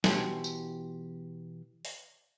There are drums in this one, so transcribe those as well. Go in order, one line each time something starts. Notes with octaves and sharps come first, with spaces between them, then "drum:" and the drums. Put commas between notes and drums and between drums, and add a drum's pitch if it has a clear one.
B2 E3 G4 C5, drum: snare
drum: tambourine
drum: open hi-hat